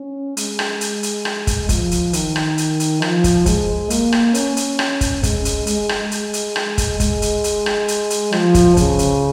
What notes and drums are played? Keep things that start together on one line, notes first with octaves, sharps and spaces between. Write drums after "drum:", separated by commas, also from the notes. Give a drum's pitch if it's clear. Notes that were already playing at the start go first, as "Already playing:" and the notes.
Already playing: C#4
G#3, drum: hi-hat
drum: rim click
drum: hi-hat
drum: hi-hat
drum: rim click
drum: kick, hi-hat
F3, drum: kick, hi-hat
drum: hi-hat
D#3, drum: hi-hat
drum: rim click
drum: hi-hat
drum: hi-hat
F3, drum: rim click
drum: kick, hi-hat
G#3, drum: kick, hi-hat
A#3, drum: hi-hat
drum: rim click
C#4, drum: hi-hat
drum: hi-hat
drum: rim click
drum: kick, hi-hat
G#3, drum: kick, hi-hat
drum: hi-hat
G#3, drum: hi-hat
drum: rim click
G#3, drum: hi-hat
drum: hi-hat
drum: rim click
drum: kick, hi-hat
G#3, drum: kick, hi-hat
drum: hi-hat
drum: hi-hat
drum: rim click
drum: hi-hat
drum: hi-hat
F3, drum: rim click
drum: kick, hi-hat
C#3, drum: kick, hi-hat
drum: hi-hat